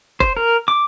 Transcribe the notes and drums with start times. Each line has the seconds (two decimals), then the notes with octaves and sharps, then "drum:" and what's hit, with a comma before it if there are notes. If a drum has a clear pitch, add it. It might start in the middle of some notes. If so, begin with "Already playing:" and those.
0.20 C5, drum: kick F1
0.37 A#4
0.68 D6